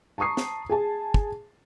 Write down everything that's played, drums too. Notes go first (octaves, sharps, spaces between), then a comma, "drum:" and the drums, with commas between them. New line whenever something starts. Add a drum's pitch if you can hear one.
A5 A#5 C#6 D#6 C7
drum: snare
G#4 G#5 A5
drum: kick